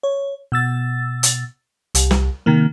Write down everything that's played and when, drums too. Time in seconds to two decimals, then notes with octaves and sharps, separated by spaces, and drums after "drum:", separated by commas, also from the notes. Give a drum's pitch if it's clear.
0.03 C#5
0.52 B2 E6 A6
1.23 drum: hi-hat
1.95 C2, drum: hi-hat
2.11 drum: snare
2.46 C3 D#3 A#3